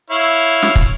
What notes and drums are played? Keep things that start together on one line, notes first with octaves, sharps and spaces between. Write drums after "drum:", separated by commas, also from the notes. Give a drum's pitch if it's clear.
E4 C#5 F5
drum: snare
drum: kick